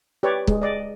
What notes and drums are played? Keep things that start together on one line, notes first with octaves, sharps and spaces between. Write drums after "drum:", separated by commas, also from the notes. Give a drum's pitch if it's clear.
G4 B4 C#5 D5
G#3, drum: kick
D5 D#5